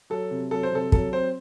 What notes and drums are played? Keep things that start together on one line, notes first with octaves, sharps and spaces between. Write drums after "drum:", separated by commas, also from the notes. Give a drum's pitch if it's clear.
F#3 A4
C3
F#3 A4
C5
C3 A4
F#3 A4, drum: kick
C4 C5